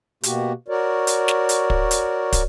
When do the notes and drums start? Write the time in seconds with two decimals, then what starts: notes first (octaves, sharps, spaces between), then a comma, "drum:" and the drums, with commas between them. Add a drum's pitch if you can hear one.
0.23 B2 A#3 F#4 G4, drum: hi-hat
0.68 F#4 A#4 C#5 D5
1.07 drum: hi-hat
1.28 drum: snare
1.49 drum: hi-hat
1.70 drum: kick
1.91 drum: hi-hat
2.32 drum: kick, hi-hat